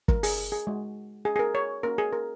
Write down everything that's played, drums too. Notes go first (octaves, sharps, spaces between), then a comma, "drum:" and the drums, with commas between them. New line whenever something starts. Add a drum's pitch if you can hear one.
A#4, drum: kick G1
G#4, drum: open hi-hat
G#4
G#3 F#4
G#4
G#4
A#4
C#5
A#3 C#4 F#4 A#4
G#4
A#4